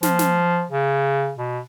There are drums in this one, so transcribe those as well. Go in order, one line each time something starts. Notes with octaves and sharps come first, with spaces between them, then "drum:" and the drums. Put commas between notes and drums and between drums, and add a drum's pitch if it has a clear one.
F3, drum: snare
drum: snare
C#3
B2